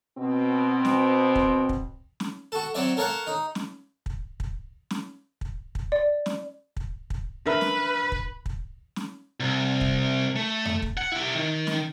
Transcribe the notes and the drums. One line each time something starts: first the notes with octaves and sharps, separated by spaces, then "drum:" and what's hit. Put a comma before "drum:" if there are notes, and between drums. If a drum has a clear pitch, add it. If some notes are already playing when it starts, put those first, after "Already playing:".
B2 C4
drum: snare
drum: kick
drum: kick
drum: snare
F#4 A4
F#3 C4 C#5 D5 E5
A4 A#4 C#5 F5 F#5
D#4
drum: snare
drum: kick
drum: kick
drum: snare
drum: kick
drum: kick
D5
drum: snare
drum: kick
drum: kick
D4 A#4 B4 E5
drum: snare
drum: kick
drum: kick
drum: snare
C2
drum: kick
A3
drum: tom F2
drum: kick
F#5
E4 G4
D#3
drum: snare